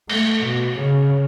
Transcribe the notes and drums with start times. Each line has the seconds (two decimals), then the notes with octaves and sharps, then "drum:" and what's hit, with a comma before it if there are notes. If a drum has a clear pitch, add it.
0.10 A3, drum: cymbal
0.44 B2
0.78 C#3